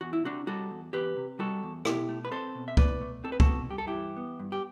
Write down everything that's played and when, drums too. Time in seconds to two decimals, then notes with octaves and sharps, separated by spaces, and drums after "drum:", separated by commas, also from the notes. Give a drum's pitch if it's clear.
0.01 E2 F#4
0.13 E4
0.24 C3 D4 F#4
0.47 G3 F#4 A4
0.70 E2
0.93 E2 G4 B4
1.17 C3
1.39 G3 F#4 A4
1.63 E2
1.85 B2 E4 G4, drum: rim click
2.09 A3
2.25 B4
2.31 C4 A4 C5
2.55 B2
2.68 E5
2.77 B2 B4 D5, drum: kick C#2
3.01 A3
3.24 C4 A4
3.32 B4
3.40 F#4 A4, drum: kick C#2
3.48 B2
3.70 G2 G4
3.78 A4
3.87 E4 G4
3.94 E3
4.17 B3
4.39 G2
4.52 G4